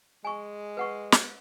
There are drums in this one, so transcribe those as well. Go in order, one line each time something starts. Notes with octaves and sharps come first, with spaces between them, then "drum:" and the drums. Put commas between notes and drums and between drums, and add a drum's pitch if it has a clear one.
G#3 G#5 C#6
B4 F#5 C#6
drum: snare